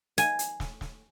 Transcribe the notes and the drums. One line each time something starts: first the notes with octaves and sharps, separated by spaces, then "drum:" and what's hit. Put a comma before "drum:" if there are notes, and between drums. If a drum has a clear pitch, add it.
G#5, drum: hi-hat
drum: hi-hat
drum: snare
drum: snare